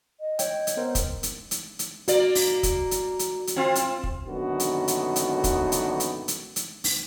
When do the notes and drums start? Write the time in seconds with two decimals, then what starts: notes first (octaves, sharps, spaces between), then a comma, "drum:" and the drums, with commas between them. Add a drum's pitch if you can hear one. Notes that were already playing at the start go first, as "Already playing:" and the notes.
0.20 D#5
0.39 C#5 G5, drum: hi-hat
0.67 drum: hi-hat
0.77 B3 A#4 C5
0.95 drum: kick, hi-hat
1.23 drum: hi-hat
1.51 drum: hi-hat
1.79 drum: hi-hat
2.08 A#3 F#4 D5, drum: hi-hat
2.35 drum: open hi-hat
2.63 drum: kick, hi-hat
2.91 drum: hi-hat
3.19 drum: hi-hat
3.47 drum: hi-hat
3.56 C4 F4
3.75 drum: hi-hat
4.03 drum: kick
4.27 A#1 F#2 D3 D#3 B3 F#4
4.60 drum: hi-hat
4.88 drum: hi-hat
5.16 drum: hi-hat
5.44 drum: kick, hi-hat
5.72 drum: hi-hat
6.00 drum: hi-hat
6.28 drum: hi-hat
6.56 drum: hi-hat
6.84 drum: open hi-hat